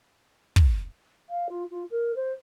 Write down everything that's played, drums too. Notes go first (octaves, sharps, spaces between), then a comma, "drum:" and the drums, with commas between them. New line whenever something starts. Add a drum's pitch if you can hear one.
drum: kick
F5
F4
F4
A#4
C5